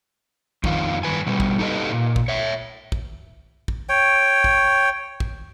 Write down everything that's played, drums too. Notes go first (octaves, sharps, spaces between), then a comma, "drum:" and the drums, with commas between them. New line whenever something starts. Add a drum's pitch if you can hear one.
F2 D#3 F4, drum: kick
G2 B4 G#5
B2 G3
drum: kick
D#4 G4 A4 B4 D#5
A#2
drum: kick
C#5 E5
drum: kick
drum: kick
C#5 G5
drum: kick
drum: kick